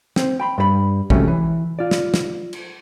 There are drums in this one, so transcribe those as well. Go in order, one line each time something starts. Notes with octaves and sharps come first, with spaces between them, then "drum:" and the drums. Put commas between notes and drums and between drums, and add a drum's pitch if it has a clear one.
C4 C5, drum: snare
G5 B5 C6
G2 G3 B4 B5
C3 F3 F#3 G#3 A3 C#4, drum: kick
E3
F4 D5
drum: snare
drum: snare
drum: cymbal